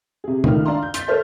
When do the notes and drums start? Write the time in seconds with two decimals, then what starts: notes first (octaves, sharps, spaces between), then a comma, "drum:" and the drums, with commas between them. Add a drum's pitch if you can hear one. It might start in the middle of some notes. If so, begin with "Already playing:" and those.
0.24 C3 G#4
0.44 C#2 D#3 A3 F6, drum: tom
0.65 D4 D5 F5 A#5 C6
0.83 G6
0.94 C6 G6 A6 B6, drum: hi-hat
1.08 A4 A#4 C5 C#5 E5 F6